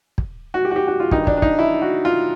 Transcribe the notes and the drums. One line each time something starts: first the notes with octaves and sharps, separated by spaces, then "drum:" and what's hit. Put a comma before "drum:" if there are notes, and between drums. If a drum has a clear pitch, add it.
drum: kick
F#4
G4
F#4
G4
F#4
F4
G2 D#3 D#4, drum: kick
D4, drum: kick
D4
D#4, drum: kick
E4
F#4
F4